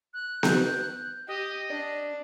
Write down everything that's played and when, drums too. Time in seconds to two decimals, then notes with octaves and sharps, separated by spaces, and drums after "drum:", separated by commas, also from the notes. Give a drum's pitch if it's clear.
0.13 F#6
0.43 G6, drum: snare B3
1.28 G4 D#5
1.70 D4 D5